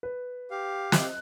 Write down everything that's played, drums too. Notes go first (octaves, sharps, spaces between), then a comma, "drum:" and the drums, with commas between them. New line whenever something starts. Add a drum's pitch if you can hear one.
B4
G4 F5
D#5 F#6, drum: snare